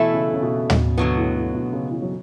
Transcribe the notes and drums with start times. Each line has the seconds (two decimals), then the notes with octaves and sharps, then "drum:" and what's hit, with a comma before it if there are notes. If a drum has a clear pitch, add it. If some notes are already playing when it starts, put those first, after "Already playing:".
Already playing: B2 E3 A3 E4 A4
0.14 C#3
0.34 C#3
0.42 B2
0.70 drum: tom
0.98 B2 D3 F#3 B3
1.17 A2
1.35 A2
1.54 B2
1.73 C#3
1.91 E3
2.02 F#3